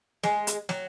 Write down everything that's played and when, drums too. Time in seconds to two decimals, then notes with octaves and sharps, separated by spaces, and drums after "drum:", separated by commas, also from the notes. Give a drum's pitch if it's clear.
0.23 G#3, drum: snare
0.47 drum: hi-hat
0.69 F#3, drum: snare